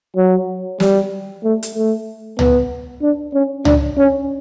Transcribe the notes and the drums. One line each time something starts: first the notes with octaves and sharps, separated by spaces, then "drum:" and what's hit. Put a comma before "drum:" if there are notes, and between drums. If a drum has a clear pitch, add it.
F#3
G3, drum: snare
A3
drum: hi-hat
A3
B3, drum: tom C#2
D4
C#4
D4, drum: tom C#2
C#4